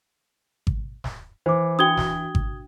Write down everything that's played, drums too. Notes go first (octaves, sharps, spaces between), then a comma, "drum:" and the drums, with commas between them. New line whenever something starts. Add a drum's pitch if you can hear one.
drum: kick G#1
drum: snare
E3 C5 D6
D4 F#4 G5 D#6 G#6 G7
drum: snare
drum: kick G#1